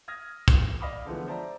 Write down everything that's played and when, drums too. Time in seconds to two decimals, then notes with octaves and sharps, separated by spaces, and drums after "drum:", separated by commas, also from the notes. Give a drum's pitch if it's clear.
0.08 D#6 F6 G#6 A#6
0.48 drum: kick, hi-hat
0.80 D5 D#5 F5 B5 D6 D#6
1.05 D3 E3 F3 G#3 A3 B3
1.28 C5 D5 E5 A5 A#5